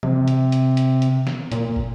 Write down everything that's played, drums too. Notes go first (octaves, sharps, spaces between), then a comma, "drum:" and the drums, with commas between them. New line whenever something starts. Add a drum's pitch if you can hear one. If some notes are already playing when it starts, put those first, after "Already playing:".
C3, drum: tom E3
drum: hi-hat
drum: hi-hat
drum: hi-hat
drum: hi-hat
drum: snare
A#2, drum: hi-hat
drum: kick